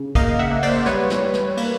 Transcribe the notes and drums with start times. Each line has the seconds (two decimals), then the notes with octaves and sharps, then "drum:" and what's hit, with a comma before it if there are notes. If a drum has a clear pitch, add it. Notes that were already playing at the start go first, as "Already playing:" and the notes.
Already playing: C#3
0.15 A#3 D#5 F5, drum: kick, cymbal
0.39 E5 F#5
0.51 A#3
0.63 C5 D5, drum: cymbal
0.86 G3 B4 C#5, drum: snare
1.10 drum: snare
1.22 G3
1.34 drum: snare
1.57 A#3, drum: cymbal